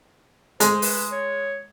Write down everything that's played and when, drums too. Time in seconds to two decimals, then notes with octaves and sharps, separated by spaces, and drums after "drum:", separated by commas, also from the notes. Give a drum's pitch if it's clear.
0.60 G#3 C5, drum: hi-hat
0.82 B4, drum: open hi-hat
1.12 C#5